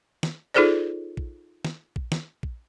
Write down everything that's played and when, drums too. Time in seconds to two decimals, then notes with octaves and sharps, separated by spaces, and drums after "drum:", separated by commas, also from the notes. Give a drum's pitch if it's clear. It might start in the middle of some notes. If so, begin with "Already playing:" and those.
0.23 drum: snare
0.54 D#4 F4 G#4 A4 C5 D5
1.17 drum: kick A#1
1.65 drum: snare
1.96 drum: kick A#1
2.12 drum: snare
2.43 drum: kick A#1